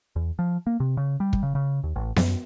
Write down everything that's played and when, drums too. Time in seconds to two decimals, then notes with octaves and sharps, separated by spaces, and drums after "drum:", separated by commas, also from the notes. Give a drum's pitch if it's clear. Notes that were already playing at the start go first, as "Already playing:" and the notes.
0.16 E2
0.39 F3
0.67 A#3
0.80 C3
0.97 C#3
1.20 G3
1.33 drum: kick
1.43 C#3
1.55 C#3
1.83 D#2
1.96 A1
2.16 F#2, drum: snare B3